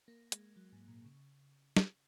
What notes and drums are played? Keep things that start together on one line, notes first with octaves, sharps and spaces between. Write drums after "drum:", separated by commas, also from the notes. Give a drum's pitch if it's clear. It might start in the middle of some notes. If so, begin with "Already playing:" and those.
A#3
G#3, drum: hi-hat
F#3
G#2
A#2
C#3
drum: snare